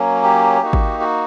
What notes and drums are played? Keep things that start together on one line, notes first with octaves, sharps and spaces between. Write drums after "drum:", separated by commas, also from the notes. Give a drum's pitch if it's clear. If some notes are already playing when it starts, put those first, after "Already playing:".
Already playing: F#3 A#3 C#4
G4
A#3 D#4 F#4
drum: kick G#1
F#4